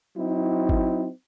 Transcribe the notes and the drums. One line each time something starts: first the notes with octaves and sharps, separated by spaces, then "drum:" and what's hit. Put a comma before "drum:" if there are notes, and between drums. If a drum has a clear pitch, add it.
F#3 C4 D#4 E4
drum: kick G1